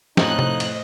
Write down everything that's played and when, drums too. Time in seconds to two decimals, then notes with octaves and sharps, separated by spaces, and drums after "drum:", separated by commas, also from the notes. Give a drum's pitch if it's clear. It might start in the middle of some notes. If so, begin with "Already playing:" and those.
0.17 F2 A2 F3 D#4 C5 D#5 F#6, drum: snare
0.39 drum: tom C3
0.60 drum: cymbal